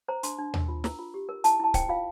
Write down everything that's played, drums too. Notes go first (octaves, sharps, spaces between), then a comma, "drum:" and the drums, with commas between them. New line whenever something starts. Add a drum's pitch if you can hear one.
C5 A#5
D4 C6, drum: hi-hat
D4
A#4, drum: tom D#2
F4
A#4 A#5, drum: snare
F4
G4
A#4
E4 A5, drum: hi-hat
E4 A5
C5 G5, drum: kick C#1, hi-hat
F4 F5